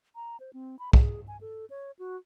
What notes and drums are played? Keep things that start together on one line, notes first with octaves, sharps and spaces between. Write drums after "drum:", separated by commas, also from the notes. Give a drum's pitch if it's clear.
A#5
C5
C4
B5
G#4, drum: kick
G#5
A4
C#5
F#4